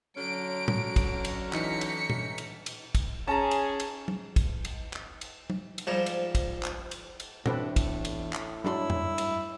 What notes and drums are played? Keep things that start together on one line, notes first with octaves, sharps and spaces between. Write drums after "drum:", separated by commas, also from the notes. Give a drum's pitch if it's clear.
D3 F#3 C#4 A#5 D7
drum: tom A2
drum: kick, cymbal
drum: cymbal
E3 D#4 B6 C#7, drum: clap
drum: cymbal
drum: tom
drum: cymbal
drum: cymbal
drum: kick, cymbal
C#4 G#4 A5 A#5
drum: cymbal
drum: cymbal
drum: tom
drum: kick, cymbal
drum: cymbal
drum: clap
drum: cymbal
drum: tom
drum: cymbal
G#2 F3 G3
drum: cymbal
drum: kick, cymbal
drum: clap
drum: cymbal
drum: cymbal
E2 A2 C4 D4 F#4 A4 B4, drum: tom
drum: kick, cymbal
drum: cymbal
drum: clap
G2 F#3 G#3 D4 E4 A4 C6
drum: tom F2
drum: cymbal